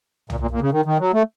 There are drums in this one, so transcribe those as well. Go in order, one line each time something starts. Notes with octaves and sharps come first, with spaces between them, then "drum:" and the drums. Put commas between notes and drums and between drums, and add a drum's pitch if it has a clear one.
A#2, drum: tom
A#2
A#2
C#3
D#3
D#3
F#3
A3